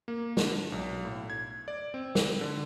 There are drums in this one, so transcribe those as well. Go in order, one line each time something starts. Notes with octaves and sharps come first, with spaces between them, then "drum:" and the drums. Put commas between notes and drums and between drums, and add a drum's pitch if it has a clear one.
A#3
D4, drum: snare
B1
A2
G#6
D5
C4
drum: snare
D3